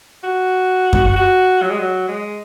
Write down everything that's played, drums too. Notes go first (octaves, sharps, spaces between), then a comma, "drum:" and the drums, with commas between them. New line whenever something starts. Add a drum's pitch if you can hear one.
F#4
drum: kick F#2
F#4
F#3
G#3
F#3
G#3